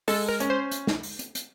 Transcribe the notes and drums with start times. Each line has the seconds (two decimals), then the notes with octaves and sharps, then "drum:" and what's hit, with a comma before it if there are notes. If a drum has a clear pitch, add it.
0.08 G#3 A4, drum: open hi-hat
0.28 A#4
0.40 C#4, drum: hi-hat
0.50 C5
0.71 drum: hi-hat
0.87 drum: snare
1.03 drum: open hi-hat
1.19 drum: hi-hat
1.35 drum: hi-hat